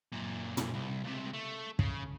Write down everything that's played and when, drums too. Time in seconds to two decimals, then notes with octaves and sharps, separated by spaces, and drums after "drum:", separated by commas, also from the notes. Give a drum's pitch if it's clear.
0.12 F#2 A#2
0.57 drum: tom
0.74 C2
1.04 C#2 C3
1.34 A3
1.79 C#3, drum: kick